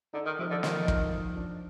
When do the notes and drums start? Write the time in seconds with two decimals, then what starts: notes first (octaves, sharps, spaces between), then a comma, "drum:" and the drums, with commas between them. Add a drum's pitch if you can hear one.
0.14 D3 D#4
0.26 D#3
0.39 C3 F3
0.51 D3
0.63 D#3 F3, drum: snare
0.88 D#4, drum: kick
1.13 F3
1.37 D4